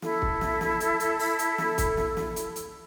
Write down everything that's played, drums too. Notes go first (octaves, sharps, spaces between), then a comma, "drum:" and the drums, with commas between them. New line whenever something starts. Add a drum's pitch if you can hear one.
E4 A4, drum: snare
drum: kick
drum: snare
drum: snare
drum: hi-hat
drum: hi-hat
drum: open hi-hat
drum: hi-hat
drum: snare
drum: kick, hi-hat
drum: snare
drum: snare
drum: hi-hat
drum: hi-hat